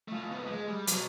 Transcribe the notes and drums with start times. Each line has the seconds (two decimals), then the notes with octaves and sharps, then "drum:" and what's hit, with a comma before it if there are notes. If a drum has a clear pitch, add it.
0.08 A3 F4
0.31 G#2 B3
0.50 G#3
0.68 G3
0.87 B2 F#3, drum: hi-hat